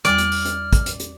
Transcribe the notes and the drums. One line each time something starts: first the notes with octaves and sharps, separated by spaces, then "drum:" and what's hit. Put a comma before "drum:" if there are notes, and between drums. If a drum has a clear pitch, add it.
E2 G3 D5 D6 F6, drum: hi-hat
drum: hi-hat
drum: open hi-hat
drum: hi-hat
drum: kick, hi-hat
drum: hi-hat
drum: hi-hat